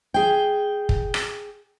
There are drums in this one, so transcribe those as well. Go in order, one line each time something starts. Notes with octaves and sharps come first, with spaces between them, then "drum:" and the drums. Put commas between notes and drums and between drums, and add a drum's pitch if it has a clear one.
G#4 G5
drum: kick
drum: rim click